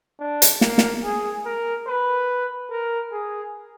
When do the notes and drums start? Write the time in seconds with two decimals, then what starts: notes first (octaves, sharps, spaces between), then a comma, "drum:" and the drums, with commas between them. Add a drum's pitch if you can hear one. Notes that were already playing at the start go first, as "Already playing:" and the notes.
0.20 D4
0.42 drum: hi-hat
0.61 A#3, drum: snare
0.78 drum: snare
1.04 G#4
1.45 A#4
1.87 B4
2.71 A#4
3.12 G#4